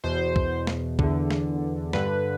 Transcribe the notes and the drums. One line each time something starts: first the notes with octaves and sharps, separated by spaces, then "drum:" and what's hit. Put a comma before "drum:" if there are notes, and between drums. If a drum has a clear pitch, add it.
E2 B2 C5
drum: kick
drum: snare
E2 D3, drum: kick
drum: snare
G2 D3 B4, drum: snare